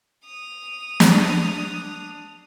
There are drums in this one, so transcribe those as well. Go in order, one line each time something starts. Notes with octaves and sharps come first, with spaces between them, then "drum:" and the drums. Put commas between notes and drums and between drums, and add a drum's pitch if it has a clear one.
D#6 F7
D4, drum: snare